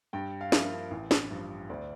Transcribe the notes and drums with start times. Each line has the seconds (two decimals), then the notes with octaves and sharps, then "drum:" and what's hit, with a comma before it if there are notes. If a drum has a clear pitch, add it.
0.13 G2 G5
0.41 F5
0.52 F3 A#3 E5, drum: snare
0.91 A1
1.11 drum: snare
1.31 G2 F3
1.69 D2 D5